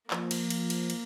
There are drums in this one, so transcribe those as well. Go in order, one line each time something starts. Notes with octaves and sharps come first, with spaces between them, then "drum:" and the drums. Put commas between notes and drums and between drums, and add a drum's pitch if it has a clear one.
F3 A#3, drum: clap
drum: cymbal
drum: cymbal
drum: cymbal
drum: cymbal